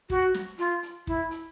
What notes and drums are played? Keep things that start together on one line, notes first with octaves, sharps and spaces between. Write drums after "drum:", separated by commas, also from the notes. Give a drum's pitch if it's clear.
F#4, drum: kick
drum: snare
F4, drum: hi-hat
drum: hi-hat
E4, drum: kick
drum: hi-hat